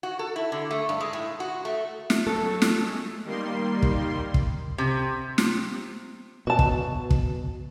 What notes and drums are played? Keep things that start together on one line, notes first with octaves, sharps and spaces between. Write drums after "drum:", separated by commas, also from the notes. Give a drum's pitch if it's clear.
F#4
A4
E4
D3
A3
G2
G#3
A2
F#4
A3
drum: snare
F#3 A3 A4
drum: snare
G#3 A3
D#3 G3 A#3 C6
drum: kick
drum: kick
C3
drum: snare
B2 F#4 A5
drum: kick
drum: kick